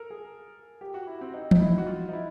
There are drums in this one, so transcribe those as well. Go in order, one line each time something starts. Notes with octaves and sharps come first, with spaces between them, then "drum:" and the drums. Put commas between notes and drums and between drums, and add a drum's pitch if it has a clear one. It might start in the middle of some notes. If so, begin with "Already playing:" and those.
Already playing: A4 A#4
G#4
G4
F#4
E4
C4
D#4
D#4, drum: tom E3
E4
F#4
F4
D#4
E4